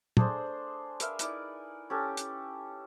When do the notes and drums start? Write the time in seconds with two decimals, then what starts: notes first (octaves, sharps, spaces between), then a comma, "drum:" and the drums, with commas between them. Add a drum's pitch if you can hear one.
0.17 A3 D4 G#4 C5, drum: tom
1.00 A#4 B4 E5 F5, drum: hi-hat
1.19 D#4 E4 D5, drum: hi-hat
1.90 C#4 G4 A4
2.17 drum: hi-hat